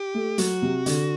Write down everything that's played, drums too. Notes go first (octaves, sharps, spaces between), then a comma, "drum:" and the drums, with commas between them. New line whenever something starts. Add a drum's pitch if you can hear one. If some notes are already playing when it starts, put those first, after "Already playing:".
Already playing: G4
A3
F#3 F#4, drum: hi-hat
C3
D3, drum: hi-hat